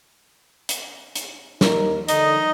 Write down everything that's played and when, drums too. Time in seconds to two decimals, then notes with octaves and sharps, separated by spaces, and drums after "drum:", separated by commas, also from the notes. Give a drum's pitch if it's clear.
0.69 drum: hi-hat
1.16 drum: hi-hat
1.61 D#2 D#4 A#4, drum: snare
2.08 D3 D#4 D#5, drum: hi-hat